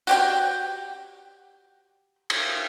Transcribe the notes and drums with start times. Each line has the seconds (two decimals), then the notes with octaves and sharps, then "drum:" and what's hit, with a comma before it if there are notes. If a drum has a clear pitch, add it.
0.07 F#4 G4 G5, drum: tambourine
2.30 drum: cymbal